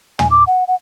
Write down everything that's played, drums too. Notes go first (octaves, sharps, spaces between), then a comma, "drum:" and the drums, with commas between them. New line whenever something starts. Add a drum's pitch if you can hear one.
G#5, drum: tom
D6
F#5
F#5